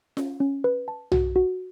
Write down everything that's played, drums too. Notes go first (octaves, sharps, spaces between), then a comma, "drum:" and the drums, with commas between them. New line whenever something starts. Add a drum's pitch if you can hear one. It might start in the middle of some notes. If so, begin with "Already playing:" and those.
C#4, drum: snare F4
C#4
B4
A5
F#4, drum: tom B1
F#4